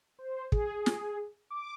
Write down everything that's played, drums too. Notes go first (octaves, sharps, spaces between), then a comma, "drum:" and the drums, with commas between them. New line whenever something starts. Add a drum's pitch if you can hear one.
C5
G#4, drum: kick
drum: snare
D6